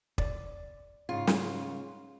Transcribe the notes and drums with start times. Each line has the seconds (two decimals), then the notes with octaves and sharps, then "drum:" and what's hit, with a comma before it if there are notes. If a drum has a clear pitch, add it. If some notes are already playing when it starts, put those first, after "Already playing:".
0.18 D5, drum: kick
1.09 G#2 C#3 F4
1.27 drum: snare